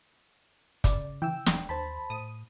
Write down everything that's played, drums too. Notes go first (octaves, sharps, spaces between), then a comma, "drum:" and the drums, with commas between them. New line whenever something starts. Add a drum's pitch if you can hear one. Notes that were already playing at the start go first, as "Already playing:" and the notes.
C#3 D5, drum: kick, hi-hat
E3 G5 E6
D#1, drum: snare
D#2 C5 A5 B5
A2 D#6 D#7